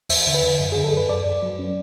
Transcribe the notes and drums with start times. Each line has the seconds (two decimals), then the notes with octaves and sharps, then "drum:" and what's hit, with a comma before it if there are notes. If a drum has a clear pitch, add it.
0.09 E2 E5, drum: open hi-hat
0.27 D3
0.34 B4
0.44 D3
0.60 F#2
0.72 G#4
0.76 D3
0.84 A4
0.92 F#2 B4
1.09 F#2 D5
1.26 F#2
1.43 F#3
1.59 C#4